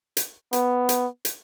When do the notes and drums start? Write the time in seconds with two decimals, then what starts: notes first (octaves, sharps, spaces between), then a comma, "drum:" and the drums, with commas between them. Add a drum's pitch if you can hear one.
0.17 drum: hi-hat
0.53 B3, drum: hi-hat
0.89 drum: hi-hat
1.25 drum: hi-hat